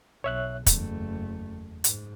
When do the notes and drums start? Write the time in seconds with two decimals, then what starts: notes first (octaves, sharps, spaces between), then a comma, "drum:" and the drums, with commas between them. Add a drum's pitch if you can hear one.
0.24 B1 C#5 E5 F#6
0.67 F#1 E2 A3, drum: kick, hi-hat
1.84 G#2, drum: hi-hat